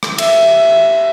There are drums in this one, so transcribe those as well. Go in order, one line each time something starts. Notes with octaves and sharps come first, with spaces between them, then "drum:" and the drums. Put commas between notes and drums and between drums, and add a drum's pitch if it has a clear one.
drum: rim click
E5, drum: cymbal